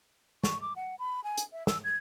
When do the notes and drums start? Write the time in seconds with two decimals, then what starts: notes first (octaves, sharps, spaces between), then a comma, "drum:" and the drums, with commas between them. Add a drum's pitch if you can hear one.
0.44 C#6, drum: snare
0.61 D6
0.76 F#5
0.99 B5
1.24 G#5
1.37 drum: hi-hat
1.53 E5
1.67 E6, drum: snare
1.84 G#6